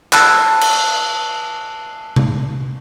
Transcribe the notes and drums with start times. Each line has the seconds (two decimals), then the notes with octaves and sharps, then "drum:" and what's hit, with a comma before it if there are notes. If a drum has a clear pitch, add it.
0.13 A5 E6 F#6, drum: clap
0.61 drum: cymbal
2.16 drum: tom C3